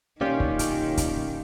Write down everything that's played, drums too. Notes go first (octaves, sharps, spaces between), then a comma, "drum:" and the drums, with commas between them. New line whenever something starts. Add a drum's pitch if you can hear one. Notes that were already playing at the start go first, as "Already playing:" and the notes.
B1 D#3 A#3 C#4 F4 G4 D5
drum: kick
drum: hi-hat
drum: kick, hi-hat